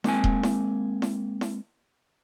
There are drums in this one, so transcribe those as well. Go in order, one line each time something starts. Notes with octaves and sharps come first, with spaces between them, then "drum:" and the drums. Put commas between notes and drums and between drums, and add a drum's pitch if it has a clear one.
G#3 A#3 C4 G#5, drum: snare E4
drum: kick D#1
drum: snare E4
drum: snare E4
drum: snare E4